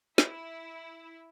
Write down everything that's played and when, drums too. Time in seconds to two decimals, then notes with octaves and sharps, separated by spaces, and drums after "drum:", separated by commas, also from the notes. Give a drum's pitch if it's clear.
0.18 E4, drum: snare